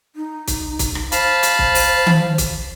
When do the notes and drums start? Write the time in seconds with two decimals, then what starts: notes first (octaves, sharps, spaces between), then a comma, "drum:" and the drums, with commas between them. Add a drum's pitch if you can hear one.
0.16 D#4
0.48 drum: kick, hi-hat
0.79 drum: kick, hi-hat
0.95 drum: rim click
1.12 C5 F5 A5 B5, drum: hi-hat
1.43 drum: hi-hat
1.59 drum: kick
1.75 drum: open hi-hat
2.06 drum: tom D#3
2.38 drum: kick, hi-hat